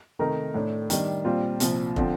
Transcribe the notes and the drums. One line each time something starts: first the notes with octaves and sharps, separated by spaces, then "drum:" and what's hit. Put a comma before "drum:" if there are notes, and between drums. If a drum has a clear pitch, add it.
C3 D#3 A3 D#4 A#4
A2 A3 D4
D#3 G3 D4, drum: hi-hat
A#2 G3 C4 F4
C2 A#2 F3, drum: hi-hat
D3 F3 C4, drum: kick